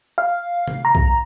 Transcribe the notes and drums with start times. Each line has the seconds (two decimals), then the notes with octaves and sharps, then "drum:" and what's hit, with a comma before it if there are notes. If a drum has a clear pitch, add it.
0.18 F5
0.68 drum: tom C3
0.85 A#5
0.95 drum: kick